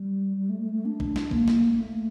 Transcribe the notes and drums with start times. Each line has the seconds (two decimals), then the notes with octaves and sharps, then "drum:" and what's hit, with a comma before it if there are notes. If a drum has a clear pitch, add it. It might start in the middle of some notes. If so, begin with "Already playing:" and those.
Already playing: G3
0.36 G3
0.49 A3
0.61 A3
0.72 A3
0.85 D4
1.00 drum: kick A1
1.16 drum: snare
1.31 A#3, drum: kick A1
1.48 drum: snare
1.80 A3